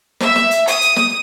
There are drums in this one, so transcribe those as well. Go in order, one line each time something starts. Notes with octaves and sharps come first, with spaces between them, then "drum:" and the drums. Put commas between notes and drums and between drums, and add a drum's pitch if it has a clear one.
E5, drum: snare
drum: snare
drum: hi-hat
D#6, drum: hi-hat
drum: hi-hat
drum: snare